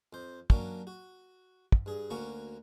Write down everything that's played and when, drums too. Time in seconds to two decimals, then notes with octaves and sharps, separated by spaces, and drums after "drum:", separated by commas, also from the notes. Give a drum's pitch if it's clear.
0.13 F2 C5
0.50 F#3 A#3 C#4 D4, drum: kick
0.87 F#4
1.72 drum: kick
1.86 G2 G#4
2.10 D2 A#3 C#4 F#4 C#6